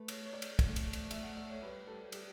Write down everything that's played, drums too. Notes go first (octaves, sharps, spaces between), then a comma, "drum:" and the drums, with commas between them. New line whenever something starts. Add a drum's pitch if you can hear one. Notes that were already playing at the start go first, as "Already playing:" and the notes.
Already playing: A3 B4
C#5, drum: cymbal
C#5
D5
drum: cymbal
A3, drum: kick, cymbal
drum: cymbal
drum: cymbal
E5, drum: cymbal
F#5
D5
C#5
G3 B4
A4
G4, drum: cymbal